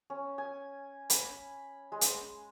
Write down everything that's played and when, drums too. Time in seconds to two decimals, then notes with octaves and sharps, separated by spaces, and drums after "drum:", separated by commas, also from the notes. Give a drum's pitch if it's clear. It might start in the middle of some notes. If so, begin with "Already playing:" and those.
0.10 C#4
0.38 G#5
1.10 B5, drum: hi-hat
1.92 G#3
2.01 drum: hi-hat